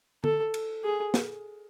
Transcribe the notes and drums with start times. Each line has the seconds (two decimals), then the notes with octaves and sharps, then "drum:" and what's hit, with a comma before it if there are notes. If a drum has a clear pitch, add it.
0.24 A4, drum: tom
0.54 drum: cymbal
0.84 G#4
1.14 drum: snare